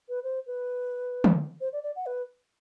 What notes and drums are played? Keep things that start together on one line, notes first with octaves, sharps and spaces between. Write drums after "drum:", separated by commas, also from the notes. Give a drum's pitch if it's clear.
B4
C5
B4
drum: tom
C5
D5
D5
F#5
B4